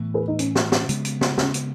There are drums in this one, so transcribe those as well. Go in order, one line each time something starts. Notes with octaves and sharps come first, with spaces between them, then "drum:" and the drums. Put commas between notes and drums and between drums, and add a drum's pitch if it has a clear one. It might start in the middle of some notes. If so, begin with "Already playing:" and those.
Already playing: A2 E3 B3
G#4 B4
D#4
C#4, drum: hi-hat
drum: snare
drum: snare
C#3 G#3 B3, drum: hi-hat
drum: hi-hat
drum: snare
C#4, drum: snare
drum: hi-hat